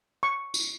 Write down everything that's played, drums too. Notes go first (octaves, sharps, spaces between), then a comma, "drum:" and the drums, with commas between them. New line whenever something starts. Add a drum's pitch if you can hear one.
C#6
drum: tambourine